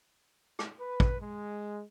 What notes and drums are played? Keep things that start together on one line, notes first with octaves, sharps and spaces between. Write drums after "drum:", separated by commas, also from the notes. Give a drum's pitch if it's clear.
drum: rim click
B4
drum: kick
G#3